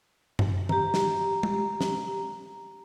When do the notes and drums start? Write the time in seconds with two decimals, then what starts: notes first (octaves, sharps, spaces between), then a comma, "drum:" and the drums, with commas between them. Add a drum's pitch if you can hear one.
0.39 drum: tom F#2
0.69 G4 A#5, drum: tom
0.94 drum: snare
1.43 drum: tom
1.81 drum: snare